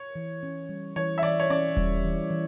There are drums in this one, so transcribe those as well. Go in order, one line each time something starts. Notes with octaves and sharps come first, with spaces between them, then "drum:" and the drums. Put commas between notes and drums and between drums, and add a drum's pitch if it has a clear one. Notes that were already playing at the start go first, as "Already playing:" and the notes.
Already playing: C#5
E3
C#4
G3
E3 C#5
E5
E3 D5
C#5
C#4 D5
G3, drum: kick D#1
E3
E3